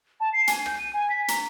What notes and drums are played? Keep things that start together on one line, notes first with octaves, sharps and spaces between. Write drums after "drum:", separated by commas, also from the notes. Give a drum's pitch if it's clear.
A5
C7
G#5, drum: hi-hat
G6, drum: rim click
D#7
G#5
B6
A#5, drum: hi-hat